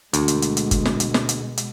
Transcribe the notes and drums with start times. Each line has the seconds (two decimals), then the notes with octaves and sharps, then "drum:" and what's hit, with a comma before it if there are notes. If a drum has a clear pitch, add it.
0.13 D2 B2 G#3, drum: hi-hat
0.28 drum: hi-hat
0.42 drum: hi-hat
0.57 drum: hi-hat
0.71 drum: kick G1, hi-hat
0.85 drum: snare
1.00 drum: hi-hat
1.14 drum: snare
1.29 drum: hi-hat
1.57 drum: hi-hat